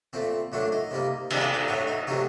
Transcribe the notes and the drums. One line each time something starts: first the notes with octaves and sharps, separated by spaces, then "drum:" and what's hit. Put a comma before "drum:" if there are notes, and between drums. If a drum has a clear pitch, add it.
A#2 A3 C4
A#2 F#3 A3 D4
D#4
C3 G3 A#3
C3 D#3 G3 A#3, drum: cymbal
A4
G4
A2 A3 F#4
D#4
C3 D#3 F#3 A3 F#4